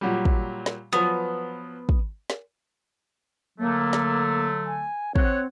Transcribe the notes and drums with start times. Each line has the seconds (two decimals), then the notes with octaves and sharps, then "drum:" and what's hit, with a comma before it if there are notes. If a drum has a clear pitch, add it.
0.01 A#2 F#3 G3
0.25 drum: kick
0.66 drum: snare
0.93 F3 F#3 B3
1.89 drum: kick
2.30 drum: snare
3.59 D3 F#3 A3 A#3
3.93 drum: snare
4.66 G#5
5.16 C4 C#5 F#5, drum: kick